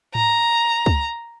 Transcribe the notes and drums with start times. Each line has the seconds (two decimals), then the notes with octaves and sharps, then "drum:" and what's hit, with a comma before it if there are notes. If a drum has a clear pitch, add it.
0.15 A#5, drum: tom G#2
0.86 drum: kick